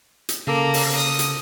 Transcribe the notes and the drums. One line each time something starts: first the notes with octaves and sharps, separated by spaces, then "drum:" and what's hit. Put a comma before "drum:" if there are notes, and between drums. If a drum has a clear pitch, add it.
drum: hi-hat
C#3 A#3 A4 D6
drum: open hi-hat
D#6
drum: hi-hat